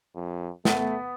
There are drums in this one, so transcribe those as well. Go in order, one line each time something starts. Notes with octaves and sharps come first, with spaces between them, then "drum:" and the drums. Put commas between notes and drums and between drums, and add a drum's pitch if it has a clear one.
F2
A3 B3, drum: snare